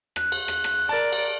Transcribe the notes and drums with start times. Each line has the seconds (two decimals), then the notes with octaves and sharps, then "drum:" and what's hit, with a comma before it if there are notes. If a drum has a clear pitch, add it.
0.16 F#6, drum: rim click
0.32 drum: cymbal
0.48 drum: rim click
0.64 drum: rim click
0.89 A#4 D5 A5
1.12 drum: cymbal